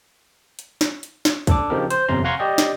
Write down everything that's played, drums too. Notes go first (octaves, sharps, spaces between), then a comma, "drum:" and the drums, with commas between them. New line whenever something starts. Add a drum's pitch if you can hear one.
drum: hi-hat
drum: snare
drum: hi-hat
drum: snare
D4 A4 D6, drum: kick, hi-hat
C#3 F3 C4 D#4 G4 A#4
C5, drum: hi-hat
G1 F2 C3 C#4 A#5 C6
F5 F#5 G#5 A#5 C6 C#6
G4 D5 D#5 G5
drum: snare